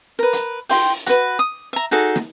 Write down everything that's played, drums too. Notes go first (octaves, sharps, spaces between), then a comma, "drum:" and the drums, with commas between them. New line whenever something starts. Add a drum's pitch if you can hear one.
A#4 B4
drum: hi-hat
G5 C6, drum: open hi-hat
F#4 B4, drum: hi-hat
D#6
E5 A#5
D#4 F#4 G#4 A4
drum: snare